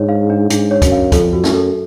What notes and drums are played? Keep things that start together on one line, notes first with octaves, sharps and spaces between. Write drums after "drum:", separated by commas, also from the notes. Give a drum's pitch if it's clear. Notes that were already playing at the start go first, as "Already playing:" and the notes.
Already playing: G#2 D4 C#5
F5
D4
G#2 D4, drum: hi-hat
C#5
F#2, drum: kick, hi-hat
F5
F2 A4, drum: kick, hi-hat
F#4
F#2, drum: snare
A4